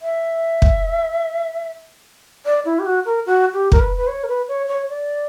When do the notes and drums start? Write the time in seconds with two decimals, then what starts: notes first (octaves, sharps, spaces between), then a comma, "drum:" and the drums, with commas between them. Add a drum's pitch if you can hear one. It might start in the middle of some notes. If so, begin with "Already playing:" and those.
0.02 E5
0.62 drum: kick
2.46 D5
2.65 E4
2.79 G4
2.86 F#4
3.05 A#4
3.26 F#4
3.54 G4
3.72 A#4, drum: kick
3.80 B4
3.97 B4
4.07 C#5
4.23 A#4
4.28 B4
4.48 C#5
4.68 C#5
4.89 D5